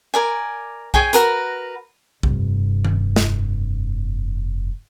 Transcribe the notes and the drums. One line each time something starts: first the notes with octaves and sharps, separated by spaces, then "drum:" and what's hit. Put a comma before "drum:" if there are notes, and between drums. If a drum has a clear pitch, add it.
A#4 D5 G#5
G#4 C#5 G5 G#5, drum: kick B1
F#4 A#4 B4, drum: hi-hat
F1 G2, drum: kick B1
drum: tom D#3
drum: snare